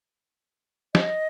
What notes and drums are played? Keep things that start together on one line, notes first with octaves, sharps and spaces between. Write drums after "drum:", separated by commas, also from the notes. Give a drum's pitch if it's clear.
D#5, drum: snare